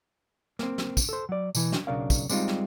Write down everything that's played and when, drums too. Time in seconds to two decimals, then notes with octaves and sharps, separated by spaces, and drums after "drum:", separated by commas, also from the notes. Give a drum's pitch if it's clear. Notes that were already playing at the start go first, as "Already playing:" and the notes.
0.59 A#3 C4, drum: snare
0.78 drum: snare
0.97 drum: kick, tambourine
1.09 A4 C5
1.29 F#3 D5
1.55 B2 E3, drum: tambourine
1.72 drum: snare
1.87 B1 C#3 D4 A#4 F5
2.10 drum: kick, tambourine
2.29 G3 G#3 C4 D#4 F4, drum: tambourine
2.48 drum: snare